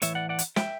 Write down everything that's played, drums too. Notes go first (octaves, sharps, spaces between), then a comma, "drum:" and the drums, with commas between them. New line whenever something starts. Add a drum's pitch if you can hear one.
A2 E3 A3 C#5 E5, drum: hi-hat
D5 F#5
D5 F#5
drum: hi-hat
E5 G5, drum: snare